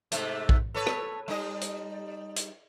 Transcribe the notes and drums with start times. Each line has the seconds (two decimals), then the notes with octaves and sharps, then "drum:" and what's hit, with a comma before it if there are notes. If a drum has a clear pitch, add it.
0.12 G#2 C3 A3, drum: hi-hat
0.49 drum: kick A#1
0.74 A4 B4 C#5
0.86 drum: rim click
1.28 G3 D#4 D#5
1.61 drum: hi-hat
2.36 drum: hi-hat